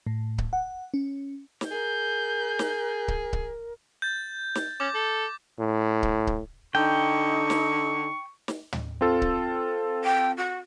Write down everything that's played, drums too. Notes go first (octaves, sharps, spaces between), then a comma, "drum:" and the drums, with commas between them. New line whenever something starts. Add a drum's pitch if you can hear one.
A2
drum: kick C#1
F#5
C#4
drum: snare
G#4 A#4 G6
drum: snare
drum: kick C#1
drum: kick C#1
G6 A6
drum: snare
C#4 D6
A4
A2
drum: kick C#1
drum: kick C#1
D3 D#4 G5 C#6
drum: snare
drum: snare
drum: tom
C4 F4 A4
drum: kick C#1
G5
F#4